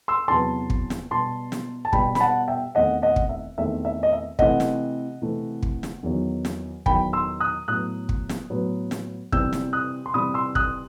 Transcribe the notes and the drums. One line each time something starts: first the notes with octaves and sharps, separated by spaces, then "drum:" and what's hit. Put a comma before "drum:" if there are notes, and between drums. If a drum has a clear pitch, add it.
C6 E6
E2 C3 F#3 B3 A5 C6
drum: kick
drum: snare
B2 G3 B3 A5 C6
drum: snare
A5
B2 G3 B3 G5 B5, drum: kick
B5, drum: snare
F#5 A5
E5 G5
E2 D#3 A3 C4 D#5 F#5
D#5 F#5
drum: kick
E5
E2 D#3 A3 C4 E5
E5
D#5
E5
C3 E3 A3 C4 D#5 F#5, drum: kick
drum: snare
C3 E3 A3 C4
drum: kick
drum: snare
E2 D#3 F#3
drum: snare
E2 D#3 F#3 G5 B5, drum: kick
C6 E6
D#6 F#6
A2 F#3 B3 D#6 F#6
drum: kick
drum: snare
A2 F#3 B3
drum: snare
C3 E3 G3 C4 E6 G6, drum: kick
drum: snare
D#6 F#6
C6
C3 E3 G3 C4 B5 D#6
C6 E6
D#6 F#6, drum: kick